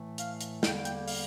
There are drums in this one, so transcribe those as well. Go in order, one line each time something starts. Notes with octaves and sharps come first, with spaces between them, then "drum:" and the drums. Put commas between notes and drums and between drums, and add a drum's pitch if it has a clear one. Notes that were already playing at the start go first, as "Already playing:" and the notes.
Already playing: A2 E3 A3
F5, drum: hi-hat
drum: hi-hat
E2 D3 G3 A#3 G5, drum: snare
G5, drum: hi-hat
F5, drum: open hi-hat